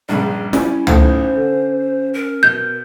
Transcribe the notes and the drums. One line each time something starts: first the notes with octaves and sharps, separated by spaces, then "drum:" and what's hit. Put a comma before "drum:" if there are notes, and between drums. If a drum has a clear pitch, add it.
A#1 G2 C#3 G3
G3 C#4 E4, drum: snare
B1 A2 C5, drum: tom
D3
A#4
B2 G6